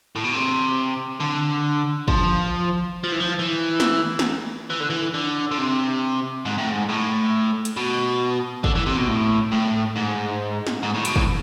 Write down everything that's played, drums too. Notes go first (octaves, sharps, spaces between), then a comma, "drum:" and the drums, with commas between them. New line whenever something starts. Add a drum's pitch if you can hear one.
A2
B2
C3
D3
F3, drum: kick
F3
E3
F3
E3
drum: snare
drum: snare
E3
D3
E3
D3
D3
C3
G#2
A2
G#2
A2
drum: hi-hat
B2
D3, drum: kick
E3
C3
B2
A2
A2
G#2
drum: snare
G#2
A2
B2, drum: hi-hat
A2, drum: kick